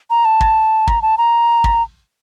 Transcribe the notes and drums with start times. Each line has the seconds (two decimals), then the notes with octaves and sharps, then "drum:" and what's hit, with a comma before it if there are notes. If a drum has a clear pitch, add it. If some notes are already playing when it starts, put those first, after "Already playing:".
0.10 A#5
0.25 A5
0.41 drum: kick
0.87 A#5, drum: kick
1.02 A5
1.18 A#5
1.64 drum: kick